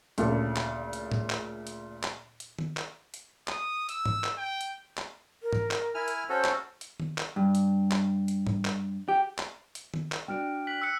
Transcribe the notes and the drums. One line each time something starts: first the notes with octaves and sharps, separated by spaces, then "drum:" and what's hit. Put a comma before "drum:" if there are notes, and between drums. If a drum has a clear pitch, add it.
D2 A#2 C#3 A4, drum: hi-hat
drum: clap
drum: hi-hat
drum: tom A2
drum: clap
drum: hi-hat
drum: clap
drum: hi-hat
drum: tom D#3
drum: clap
drum: hi-hat
D#6, drum: clap
E6, drum: hi-hat
drum: tom G#2
drum: clap
G5
drum: hi-hat
drum: clap
A#4
drum: tom G#2
drum: clap
E4 G#5 F6
drum: hi-hat
C#4 F#4 A4 C5
drum: clap
drum: hi-hat
drum: tom D#3
drum: clap
G2
drum: hi-hat
drum: clap
drum: hi-hat
drum: tom G#2
drum: clap
G4
drum: clap
drum: hi-hat
drum: tom D#3
drum: clap
D4 F#4 D5 G5 F6 D7
F#6 B6 F#7
E6 F#6 C#7